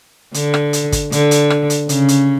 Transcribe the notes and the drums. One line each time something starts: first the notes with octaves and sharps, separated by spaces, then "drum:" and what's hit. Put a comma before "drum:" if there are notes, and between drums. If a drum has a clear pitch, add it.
D3, drum: hi-hat
drum: rim click
drum: hi-hat
drum: kick, hi-hat
D3, drum: hi-hat
drum: hi-hat
drum: rim click
drum: hi-hat
C#3, drum: hi-hat
drum: hi-hat